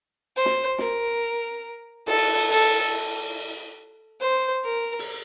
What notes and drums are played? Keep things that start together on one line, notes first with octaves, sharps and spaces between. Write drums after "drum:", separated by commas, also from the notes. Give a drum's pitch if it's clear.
C5
drum: snare
A#4, drum: snare
A4, drum: cymbal
A4, drum: open hi-hat
C5
A#4
drum: open hi-hat